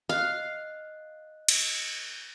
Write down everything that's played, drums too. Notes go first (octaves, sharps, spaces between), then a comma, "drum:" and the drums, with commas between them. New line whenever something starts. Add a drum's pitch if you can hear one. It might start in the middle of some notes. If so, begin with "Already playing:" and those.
D#5 F5 F#6
drum: cymbal